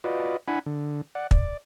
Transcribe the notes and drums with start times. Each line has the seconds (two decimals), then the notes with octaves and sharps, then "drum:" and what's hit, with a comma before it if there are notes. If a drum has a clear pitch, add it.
0.04 F4 F#4 B4 D5 D#5
0.48 D4 E4 F#5 G#5 B5
0.66 D3
1.15 D5 F#5
1.31 D5, drum: kick